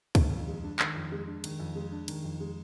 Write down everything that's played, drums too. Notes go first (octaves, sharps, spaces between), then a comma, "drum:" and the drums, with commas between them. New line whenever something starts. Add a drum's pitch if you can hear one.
D#3, drum: kick, cymbal
F2
G#3
D4
D#3, drum: clap
F2
G#3
D4
D#3, drum: cymbal
F2
G#3
D4
D#3, drum: cymbal
F2
G#3